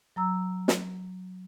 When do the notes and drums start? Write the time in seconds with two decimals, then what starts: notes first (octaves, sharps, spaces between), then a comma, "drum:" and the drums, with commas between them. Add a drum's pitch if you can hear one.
0.16 F#3 A#5 E6
0.68 drum: snare